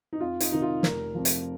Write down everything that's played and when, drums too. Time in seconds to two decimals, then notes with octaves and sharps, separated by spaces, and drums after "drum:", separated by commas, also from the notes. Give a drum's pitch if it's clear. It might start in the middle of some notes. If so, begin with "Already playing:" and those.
0.13 D#4
0.20 F2 F4
0.40 D#4, drum: hi-hat
0.52 C3 D#3 D#4
0.62 F4
0.83 F1 A#4, drum: snare
1.15 F2 F3
1.25 drum: hi-hat